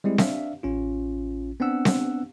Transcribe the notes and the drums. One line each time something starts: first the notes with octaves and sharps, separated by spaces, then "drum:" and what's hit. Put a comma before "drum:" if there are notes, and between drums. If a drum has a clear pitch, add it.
G3 G#3 C4 E4
D4 D5 E5 F5, drum: snare C4
A1 C#4 F4
B3 C4 D4 F#5 E6
drum: snare C4